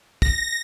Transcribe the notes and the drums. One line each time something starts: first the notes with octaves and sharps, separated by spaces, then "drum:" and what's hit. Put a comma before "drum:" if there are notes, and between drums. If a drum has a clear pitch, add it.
A#6, drum: kick